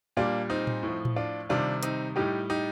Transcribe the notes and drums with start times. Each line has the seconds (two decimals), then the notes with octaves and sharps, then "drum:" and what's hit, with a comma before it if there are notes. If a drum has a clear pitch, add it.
0.17 A#2 G3 A#3 D4
0.50 C4 D#4
0.67 drum: tom A2
0.83 A2 F3
1.05 drum: tom A2
1.16 D4 F4
1.49 C3 D#3 G3 D4 F4
1.83 C4 D#4, drum: hi-hat
2.16 A2 G3 D#4 G4
2.50 D#4 G4